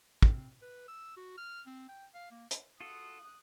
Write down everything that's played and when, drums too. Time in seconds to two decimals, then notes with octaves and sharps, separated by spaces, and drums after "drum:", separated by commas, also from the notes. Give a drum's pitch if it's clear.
0.22 C4, drum: kick
0.62 B4
0.88 E6
1.17 F#4
1.37 F6
1.66 C4
1.89 G5
2.14 F5
2.31 A#3
2.51 drum: hi-hat
2.80 F4 F#4 A4 D#6 F#6